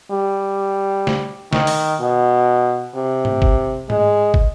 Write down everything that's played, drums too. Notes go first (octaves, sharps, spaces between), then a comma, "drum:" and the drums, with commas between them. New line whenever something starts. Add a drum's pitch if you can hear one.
G3
drum: snare
D#3, drum: snare
drum: open hi-hat
B2
C3
drum: tom G#2
drum: kick
G#3, drum: tom G#2
drum: kick